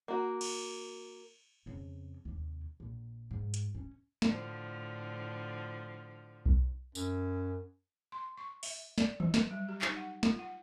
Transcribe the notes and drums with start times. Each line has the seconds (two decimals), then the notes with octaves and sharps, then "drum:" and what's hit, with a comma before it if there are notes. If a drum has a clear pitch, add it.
0.08 A#3 F#4
0.41 drum: cymbal
1.66 F2 C#3
2.25 D#2 C3
2.80 A#1
3.31 G#2
3.54 drum: hi-hat
3.75 C#4
4.22 A2 D3 F3, drum: snare
6.46 drum: kick B1
6.95 F#2, drum: tambourine
8.12 C6
8.38 C#6
8.63 E5, drum: open hi-hat
8.98 D5, drum: snare
9.20 F#3, drum: tom D#3
9.34 B4, drum: snare
9.51 G3
9.69 G4
9.81 D#4, drum: clap
9.96 F#5
10.23 F4, drum: snare
10.39 F#5